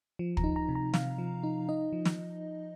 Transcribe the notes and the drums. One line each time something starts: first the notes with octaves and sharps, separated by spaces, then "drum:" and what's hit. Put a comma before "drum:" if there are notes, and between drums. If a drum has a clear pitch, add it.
F3
A#5, drum: kick
D#4
A#5
C3
A#5
C3 F5, drum: snare
F3
D#4
D#4 D#5
F3
drum: snare